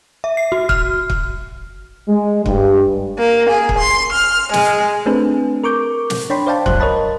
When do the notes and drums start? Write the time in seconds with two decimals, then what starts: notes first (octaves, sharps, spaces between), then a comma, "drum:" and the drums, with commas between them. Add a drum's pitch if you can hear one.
0.24 E5
0.37 C7
0.52 F#4
0.69 F6, drum: kick
1.10 drum: kick
2.09 G#3
2.46 G2, drum: kick
3.19 A#3
3.50 G#4
3.69 drum: kick
3.79 C6
4.11 F6
4.54 G#3, drum: snare
5.06 A3 C4 D4 G#4 A4 B4
5.64 A#4 C#6 D6 G6
6.10 drum: snare
6.30 D4 C#5 G5 B5 C6
6.47 C5 D5 F5 G5 A5
6.66 C2 F2 F#3 C5 F#6, drum: kick
6.80 A#4 C#5 D#5 A5 B5